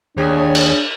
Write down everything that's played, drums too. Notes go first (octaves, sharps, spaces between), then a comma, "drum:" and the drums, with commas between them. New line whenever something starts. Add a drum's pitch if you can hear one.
D#2 D4 G#4 C#5
drum: cymbal